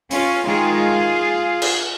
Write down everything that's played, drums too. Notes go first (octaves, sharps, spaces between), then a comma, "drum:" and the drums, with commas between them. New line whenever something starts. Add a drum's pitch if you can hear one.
C#4 F4, drum: open hi-hat
D#3 G#3 F4 G#4
drum: cymbal